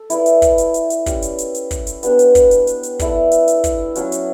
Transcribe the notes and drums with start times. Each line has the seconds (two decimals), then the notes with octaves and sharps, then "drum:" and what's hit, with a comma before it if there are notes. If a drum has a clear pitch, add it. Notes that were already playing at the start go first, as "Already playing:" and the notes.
Already playing: A4
0.10 E4 B4 D5, drum: hi-hat
0.26 drum: hi-hat
0.42 drum: kick, hi-hat
0.58 drum: hi-hat
0.74 drum: hi-hat
0.90 drum: hi-hat
1.06 C#4 G4 D5, drum: kick, hi-hat
1.22 drum: hi-hat
1.38 drum: hi-hat
1.55 drum: hi-hat
1.71 drum: kick, hi-hat
1.87 drum: hi-hat
2.03 B3 D4 G4 C#5, drum: hi-hat
2.19 drum: hi-hat
2.35 drum: kick, hi-hat
2.51 drum: hi-hat
2.67 drum: hi-hat
2.83 drum: hi-hat
2.99 E4 A4 D5, drum: kick, hi-hat
3.32 drum: hi-hat
3.48 drum: hi-hat
3.64 drum: kick, hi-hat
3.95 F#3 C#4 F#4, drum: hi-hat
4.12 drum: hi-hat